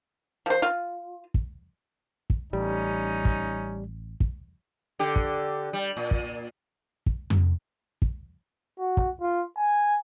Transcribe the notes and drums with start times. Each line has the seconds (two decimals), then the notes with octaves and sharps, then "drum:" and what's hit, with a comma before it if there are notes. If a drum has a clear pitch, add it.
0.46 F3 C5
0.62 F4
1.34 drum: kick
2.30 drum: kick
2.53 A1 G3 C#4 D#4
3.25 drum: kick
4.20 drum: kick
4.99 D3 G4
5.16 drum: kick
5.73 G3
5.97 A#2
6.11 drum: kick
7.06 drum: kick
7.30 drum: tom F2
8.02 drum: kick
8.79 F#4
8.97 drum: kick
9.21 F4
9.57 G#5